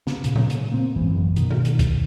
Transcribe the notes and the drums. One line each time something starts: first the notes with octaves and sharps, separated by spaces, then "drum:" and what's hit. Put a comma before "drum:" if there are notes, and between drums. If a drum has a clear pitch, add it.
C#3, drum: snare
A#2 C#3, drum: hi-hat
drum: tom A#2
drum: hi-hat
A#3 C4
G#1 C#2 F#2 E3
F#2
B2 D#3, drum: hi-hat
drum: tom G2
drum: hi-hat
drum: kick C2, hi-hat